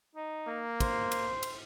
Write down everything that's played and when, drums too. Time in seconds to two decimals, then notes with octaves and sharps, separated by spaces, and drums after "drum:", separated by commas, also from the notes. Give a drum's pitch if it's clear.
0.15 D#4
0.48 A#3
0.80 C5, drum: kick, cymbal
1.12 drum: cymbal
1.43 drum: cymbal